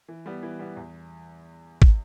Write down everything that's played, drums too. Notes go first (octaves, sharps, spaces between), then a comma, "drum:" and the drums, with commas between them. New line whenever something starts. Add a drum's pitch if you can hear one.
E3
G3 B3
E3
G3 B3
E2
drum: kick